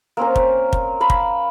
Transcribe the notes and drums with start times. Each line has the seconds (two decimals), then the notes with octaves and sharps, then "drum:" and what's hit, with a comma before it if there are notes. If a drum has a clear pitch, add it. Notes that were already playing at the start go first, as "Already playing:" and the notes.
0.17 A#3 C4 C#4 A#4
0.36 drum: kick
0.73 drum: kick
1.00 A#4 F5 B5
1.10 drum: kick